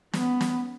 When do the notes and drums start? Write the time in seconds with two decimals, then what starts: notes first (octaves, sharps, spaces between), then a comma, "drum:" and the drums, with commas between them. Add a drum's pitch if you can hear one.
0.13 B3, drum: snare
0.41 drum: snare